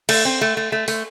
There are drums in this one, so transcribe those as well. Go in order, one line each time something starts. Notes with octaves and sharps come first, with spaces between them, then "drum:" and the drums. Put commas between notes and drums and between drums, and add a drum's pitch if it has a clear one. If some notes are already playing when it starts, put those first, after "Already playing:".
A3, drum: cymbal
C4
A3
A3
A3
A3, drum: open hi-hat